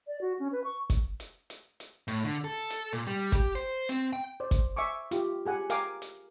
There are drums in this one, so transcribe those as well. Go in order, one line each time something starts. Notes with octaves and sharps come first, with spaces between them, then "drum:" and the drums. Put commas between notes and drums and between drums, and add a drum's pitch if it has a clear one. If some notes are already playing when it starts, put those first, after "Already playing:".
D5
F#4
C#4
B4
C#6
drum: kick, hi-hat
drum: hi-hat
drum: hi-hat
drum: hi-hat
A2, drum: hi-hat
D3
A4
drum: hi-hat
A#2
G3
G4, drum: kick, hi-hat
C5
C4, drum: hi-hat
G5
C5 D5
drum: kick, hi-hat
E5 G#5 C#6 D6
F4 G4, drum: hi-hat
G4 G#4 F#5 G#5
A#4 F5 G5 G#5 D6, drum: hi-hat
drum: hi-hat